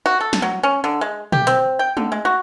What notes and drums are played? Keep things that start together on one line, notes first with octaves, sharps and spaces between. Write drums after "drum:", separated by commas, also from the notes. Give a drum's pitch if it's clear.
F#4
A4
drum: snare
F#3
C#4
D3
G#3
G4, drum: tom B2
C4, drum: hi-hat
G5
D3, drum: tom G#3
G#3
F#4